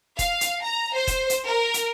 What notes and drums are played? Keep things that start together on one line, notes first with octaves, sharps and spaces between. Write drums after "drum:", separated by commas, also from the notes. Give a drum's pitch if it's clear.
F5, drum: kick E1, hi-hat
drum: hi-hat
A#5
C5
drum: kick E1, hi-hat
drum: hi-hat
A#4
drum: hi-hat